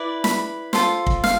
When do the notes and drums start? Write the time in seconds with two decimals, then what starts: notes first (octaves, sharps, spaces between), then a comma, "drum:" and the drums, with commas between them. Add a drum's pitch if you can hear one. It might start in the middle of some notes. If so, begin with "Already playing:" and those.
Already playing: E4 B4 D5
0.24 B5, drum: snare
0.73 F4 A4 C5, drum: snare
1.06 drum: kick
1.24 F5, drum: snare